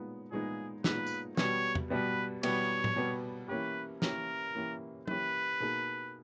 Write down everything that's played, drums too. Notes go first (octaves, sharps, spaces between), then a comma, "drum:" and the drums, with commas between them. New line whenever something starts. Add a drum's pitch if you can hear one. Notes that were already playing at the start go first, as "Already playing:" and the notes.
Already playing: A#2 G#3 B3 D#4
A#2 G#3 B3 D#4 G#4
A#2 G#3 B3 D#4 B4, drum: snare
drum: tambourine
B2 G3 B3 C#5, drum: snare
drum: tom E2
B2 G3 B3 B4
B2 G3 B3 C#5, drum: cymbal
drum: tom A2
B2 G3 B3
E3 A#3 C#4 G4 B4
E3 A#3 C#4 G4 A#4, drum: snare
E3 A#3 C#4 G4
E3 A#3 C#4 G4 B4, drum: tom
B2 A#3 D#4 G#4